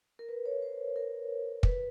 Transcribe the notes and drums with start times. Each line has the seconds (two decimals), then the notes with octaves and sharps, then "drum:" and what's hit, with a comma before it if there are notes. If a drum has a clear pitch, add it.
0.19 A#4
0.29 B4
0.45 C#5
0.62 C5
0.96 A#4
1.63 B4, drum: kick